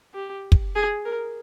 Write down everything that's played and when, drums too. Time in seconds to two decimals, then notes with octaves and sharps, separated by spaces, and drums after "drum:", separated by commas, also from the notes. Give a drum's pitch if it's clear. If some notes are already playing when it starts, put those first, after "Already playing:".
0.14 G4
0.52 drum: kick
0.75 G#4
1.05 A#4